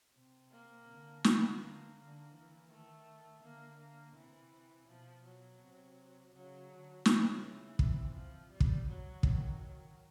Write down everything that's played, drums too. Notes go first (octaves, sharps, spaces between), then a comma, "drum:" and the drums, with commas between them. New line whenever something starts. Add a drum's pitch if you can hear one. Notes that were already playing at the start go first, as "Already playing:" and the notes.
C3
A#3
D3
B3, drum: snare
D3 A#3
D3
E3
D#3 A3
D3 A#3
A#3
C3 E3
B2 F3
F#3
C3
C#3 F#3
D3
C#3 F3, drum: snare
E3
C3, drum: kick
F3
G3
drum: kick
F#3
D#3, drum: kick
F#3